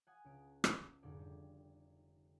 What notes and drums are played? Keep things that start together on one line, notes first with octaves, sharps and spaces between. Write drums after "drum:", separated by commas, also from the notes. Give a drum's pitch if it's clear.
F#5 G#5 D#6
C#2 C#4 D7
drum: rim click
F1 F2 G#2 D3 D#4 D5
G3